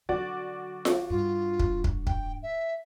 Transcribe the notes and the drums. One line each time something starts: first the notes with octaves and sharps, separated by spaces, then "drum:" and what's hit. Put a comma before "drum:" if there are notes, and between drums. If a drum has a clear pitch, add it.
D3 F#3 F#4 D5
drum: snare F4
G2 F4
drum: kick
drum: kick
G5, drum: kick
E5